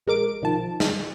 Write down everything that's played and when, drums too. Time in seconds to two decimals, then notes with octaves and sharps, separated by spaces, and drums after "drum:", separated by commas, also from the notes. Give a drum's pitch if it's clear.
0.07 A#1 G#3 A#4 D6 D7
0.42 B1 D#3 F3 A5
0.80 drum: snare